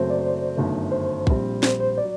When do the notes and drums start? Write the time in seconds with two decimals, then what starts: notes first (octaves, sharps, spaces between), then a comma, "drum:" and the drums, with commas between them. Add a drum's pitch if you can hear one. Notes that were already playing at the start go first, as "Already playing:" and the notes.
Already playing: F#1 F#2 F#3 A3 C4 C5
0.10 D5
0.21 C5
0.57 G1 F#2 D#3 A3
0.92 C5
1.27 A#1 A#2 G3 C4, drum: kick
1.63 C5, drum: snare
1.80 C5
1.98 F#3 D5